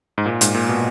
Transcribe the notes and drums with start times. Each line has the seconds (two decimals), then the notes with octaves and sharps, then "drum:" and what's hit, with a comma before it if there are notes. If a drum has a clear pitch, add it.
0.18 G#2
0.26 A#2
0.41 G#2, drum: hi-hat
0.55 A#2
0.69 B2